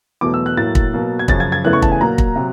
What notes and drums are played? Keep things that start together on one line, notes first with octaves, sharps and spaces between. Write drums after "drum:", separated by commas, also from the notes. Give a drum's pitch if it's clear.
E2 B2 F#3 A3 D6
E6
F#6
A2 F#3 A#3 A6
drum: kick
B2 F#3 A#3
G#6
F#2 C#3 F3 A6, drum: kick
G#6
G#6
E2 C#3 E3 A3 F#6
C#6
A5, drum: kick
G#5
A#2 F#3 A#3 A#5
drum: kick
C3 F#3